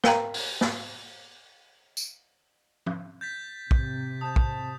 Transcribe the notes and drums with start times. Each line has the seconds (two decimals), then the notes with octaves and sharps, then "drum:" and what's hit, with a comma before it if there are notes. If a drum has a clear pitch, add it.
0.04 A#4 F5 G5 A#5, drum: snare
0.34 drum: open hi-hat
0.61 drum: snare
1.97 drum: tambourine
2.86 drum: tom F3
3.21 G6 A6 B6
3.71 C3, drum: kick
4.21 C4 A5 D#6 G6
4.36 drum: kick